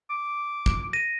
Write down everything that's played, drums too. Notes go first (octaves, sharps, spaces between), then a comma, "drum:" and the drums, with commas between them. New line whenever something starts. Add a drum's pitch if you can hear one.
D6
drum: kick
A#6 D#7